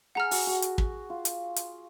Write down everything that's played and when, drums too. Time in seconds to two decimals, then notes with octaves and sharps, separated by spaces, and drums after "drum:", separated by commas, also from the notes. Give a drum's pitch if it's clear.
0.15 G#4 F#5 A#5 F6
0.31 F#4, drum: open hi-hat
0.47 F#4
0.62 drum: hi-hat
0.78 drum: kick
1.10 F4
1.25 drum: hi-hat
1.56 drum: hi-hat